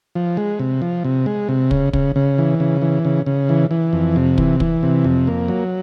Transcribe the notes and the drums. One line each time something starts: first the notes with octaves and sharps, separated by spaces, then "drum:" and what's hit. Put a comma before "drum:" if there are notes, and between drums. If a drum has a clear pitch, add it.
F3
G#3
C3
F3
C3
G#3
C3
C#3, drum: kick
C#3, drum: kick
C#3
E3
C#3
E3
C#3
C#3
E3
E3
F2
C3
E3, drum: kick
E3, drum: kick
C3
F2
A#3
F#3